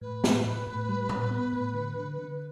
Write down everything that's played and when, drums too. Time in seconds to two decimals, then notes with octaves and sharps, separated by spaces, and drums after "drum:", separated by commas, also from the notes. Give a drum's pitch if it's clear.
0.01 A2 B4
0.24 A2, drum: snare
0.45 A2
0.67 A2
0.89 G3
1.09 G3, drum: tom A2
1.31 B3
1.53 A2
1.74 D3
1.96 D3
2.19 D3